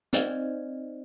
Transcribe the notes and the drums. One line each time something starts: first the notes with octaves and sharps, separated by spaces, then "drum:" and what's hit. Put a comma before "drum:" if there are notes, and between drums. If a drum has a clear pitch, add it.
C4 D#4 C5 D5 D#5, drum: hi-hat